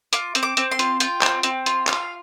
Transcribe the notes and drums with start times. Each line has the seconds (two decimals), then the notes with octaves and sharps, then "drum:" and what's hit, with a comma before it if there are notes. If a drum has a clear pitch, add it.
0.13 F4 D6, drum: hi-hat
0.35 C4, drum: hi-hat
0.43 D6
0.57 C4, drum: hi-hat
0.71 C6
0.79 F4, drum: hi-hat
1.00 F4 G5, drum: hi-hat
1.22 C4, drum: clap
1.43 C4, drum: hi-hat
1.66 F4, drum: hi-hat
1.87 F4 F5, drum: clap